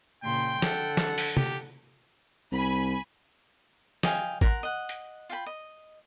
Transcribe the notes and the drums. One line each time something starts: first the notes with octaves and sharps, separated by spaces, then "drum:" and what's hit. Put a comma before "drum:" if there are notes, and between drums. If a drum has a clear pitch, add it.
A#2 C#3 G5 C6
D3 A4 F#5, drum: snare
drum: snare
drum: open hi-hat
G4, drum: tom
C2 G#5 B5
D#5 F5 G5 G#5, drum: snare
A#4 F#5 C6, drum: kick A1
D#5 F#5
drum: hi-hat
F4 F5 G5 B5
D#5